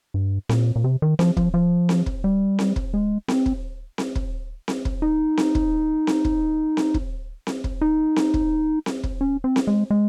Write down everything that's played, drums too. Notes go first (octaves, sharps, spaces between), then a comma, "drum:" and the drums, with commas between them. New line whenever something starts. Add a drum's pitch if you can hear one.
G2
A#2, drum: snare C4
A#2
C3
D#3
F3, drum: snare C4
F3, drum: kick
F3
drum: snare C4
drum: kick
G3
drum: snare C4
drum: kick
G#3
C4, drum: snare C4
drum: kick
drum: snare C4
drum: kick
drum: snare C4
drum: kick
D#4
drum: snare C4
drum: kick
drum: snare C4
drum: kick
drum: snare C4
drum: kick
drum: snare C4
drum: kick
D#4
drum: snare C4
drum: kick
drum: snare C4
drum: kick
C#4
C4
drum: snare C4
G#3
G#3